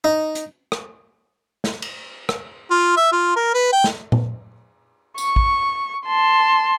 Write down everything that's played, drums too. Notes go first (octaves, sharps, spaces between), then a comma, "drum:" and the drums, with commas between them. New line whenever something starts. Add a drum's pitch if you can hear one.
D#4
drum: hi-hat
drum: rim click
drum: snare
drum: cymbal
drum: rim click
F4
E5
F4
A#4
B4
G5
drum: snare
drum: tom A#2
C#6, drum: tambourine
drum: kick A1
A5 C6